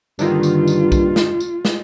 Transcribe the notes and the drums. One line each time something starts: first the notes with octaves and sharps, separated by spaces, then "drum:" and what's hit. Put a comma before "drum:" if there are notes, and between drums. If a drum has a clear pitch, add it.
G2 D3 D#3 A#3 F4, drum: tambourine
drum: tambourine
drum: tambourine
drum: kick B1, tambourine
drum: snare
drum: tambourine
drum: snare